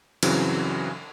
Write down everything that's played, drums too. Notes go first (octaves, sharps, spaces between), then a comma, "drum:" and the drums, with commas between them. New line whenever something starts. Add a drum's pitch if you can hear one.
G2 C#3 E3 F#3 C4, drum: cymbal